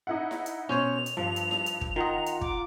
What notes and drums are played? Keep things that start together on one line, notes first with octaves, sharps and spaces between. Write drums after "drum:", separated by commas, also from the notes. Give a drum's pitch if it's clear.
D#4 E4 F#5
drum: snare E4
drum: hi-hat
B2 C#4 C5 C#5 F7
drum: hi-hat
G2 F3
drum: hi-hat
drum: snare E4
drum: hi-hat
drum: kick
D#3 F4 D#5 F#5 A#5
drum: hi-hat
D6, drum: kick